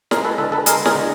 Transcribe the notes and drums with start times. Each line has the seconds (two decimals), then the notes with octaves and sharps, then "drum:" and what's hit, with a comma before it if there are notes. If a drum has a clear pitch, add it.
0.11 G#3 G#4 A#4, drum: snare
0.25 A4 B4
0.38 D3 A4 B4
0.52 A4 B4
0.66 G#3 G#4 A#4, drum: hi-hat
0.86 G#4 A#4, drum: snare
0.95 D3